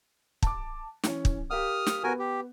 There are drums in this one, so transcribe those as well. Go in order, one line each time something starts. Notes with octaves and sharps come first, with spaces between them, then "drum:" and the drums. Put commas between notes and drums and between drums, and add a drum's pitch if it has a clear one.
A5 D6, drum: kick
E3 C#4, drum: snare
drum: kick
G4 A#4 F5 D#6 F6
drum: snare
B3 F#4 A#4 B4 G#5
G4